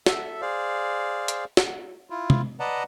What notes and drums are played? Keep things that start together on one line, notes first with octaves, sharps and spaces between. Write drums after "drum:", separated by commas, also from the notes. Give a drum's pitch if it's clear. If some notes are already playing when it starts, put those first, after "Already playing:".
A4 E5, drum: snare
G#4 C5 D5 F5
drum: hi-hat
drum: snare
E4 F4
drum: tom
B4 D5 D#5 F#5 A5 A#5